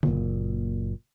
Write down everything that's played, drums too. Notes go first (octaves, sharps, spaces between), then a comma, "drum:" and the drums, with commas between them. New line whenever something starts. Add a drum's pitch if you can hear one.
F#1 A#2, drum: tom D3